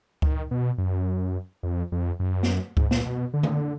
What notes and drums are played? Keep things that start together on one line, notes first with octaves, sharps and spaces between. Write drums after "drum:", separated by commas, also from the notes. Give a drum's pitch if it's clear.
D#3, drum: kick C#2
B2
F#2
F2
F2
F#2
drum: snare
G#2, drum: kick C#2
A#2, drum: snare
B2
D3
drum: tom D3